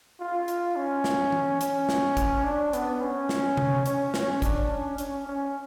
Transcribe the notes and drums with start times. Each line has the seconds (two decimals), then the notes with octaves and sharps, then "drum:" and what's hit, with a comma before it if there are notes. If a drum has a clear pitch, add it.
0.20 F4
0.48 drum: hi-hat
0.76 C#4
1.04 drum: snare
1.32 drum: tom
1.61 C#4, drum: hi-hat
1.89 drum: snare
2.17 drum: kick, hi-hat
2.44 D4
2.73 B3, drum: hi-hat
3.02 C#4
3.29 drum: snare
3.57 drum: tom C3
3.86 C#4, drum: hi-hat
4.14 C#4, drum: snare
4.42 D4, drum: kick, hi-hat
4.70 C#4
4.98 C#4, drum: hi-hat
5.26 C#4